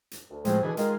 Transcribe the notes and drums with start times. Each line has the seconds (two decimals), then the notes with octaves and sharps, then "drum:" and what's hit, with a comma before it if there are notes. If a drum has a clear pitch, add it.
0.11 drum: hi-hat
0.30 D2
0.45 A2 F3 G#3 C4, drum: hi-hat
0.63 B2 D3 E3 G#4
0.77 D#3 G#3 F4, drum: hi-hat